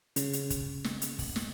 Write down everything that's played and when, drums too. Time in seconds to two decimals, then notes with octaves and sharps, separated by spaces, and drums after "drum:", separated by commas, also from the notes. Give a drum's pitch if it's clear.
0.16 C#3, drum: hi-hat
0.33 drum: hi-hat
0.50 drum: kick, hi-hat
0.84 drum: snare
1.02 drum: hi-hat
1.19 drum: kick, open hi-hat
1.36 drum: snare